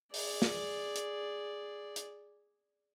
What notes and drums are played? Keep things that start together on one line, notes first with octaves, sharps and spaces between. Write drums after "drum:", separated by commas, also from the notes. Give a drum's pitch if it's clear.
G#4 D5, drum: open hi-hat
drum: snare
drum: hi-hat
drum: hi-hat